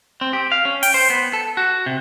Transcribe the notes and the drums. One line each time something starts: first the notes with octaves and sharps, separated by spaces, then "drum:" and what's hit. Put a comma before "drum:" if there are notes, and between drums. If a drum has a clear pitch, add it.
C4
G4
F5
C#4
G5, drum: open hi-hat
C5
B3
A4
F#4
C3